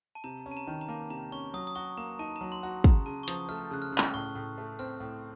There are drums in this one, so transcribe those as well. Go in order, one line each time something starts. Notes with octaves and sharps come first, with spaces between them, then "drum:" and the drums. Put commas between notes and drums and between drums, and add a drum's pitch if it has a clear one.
A5
C3 A#5
C#4
A5
A#5
D#3
A#5
A#3 A5
C3 A#5
C#4 C#6
F#3 D#6
D#6
F#4 C#6
A#3 A#5
D#4 A5
A#5
F#3
C6
F#4
C#3 A#5, drum: kick
C#3 A5
C#6
F3 D#6, drum: hi-hat
A3 F6
C#3 F#6
F6
C#3
F6, drum: clap
A2 C#6
A2
A3
C4 F6
A2